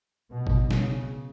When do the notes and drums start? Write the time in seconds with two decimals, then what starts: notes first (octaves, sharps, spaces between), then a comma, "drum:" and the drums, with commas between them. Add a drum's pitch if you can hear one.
0.30 B2
0.47 drum: kick
0.71 C#3, drum: snare